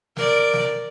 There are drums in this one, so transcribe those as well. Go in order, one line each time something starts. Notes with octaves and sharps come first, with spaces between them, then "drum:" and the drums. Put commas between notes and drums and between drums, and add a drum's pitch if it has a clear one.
A#4 D5, drum: snare
drum: snare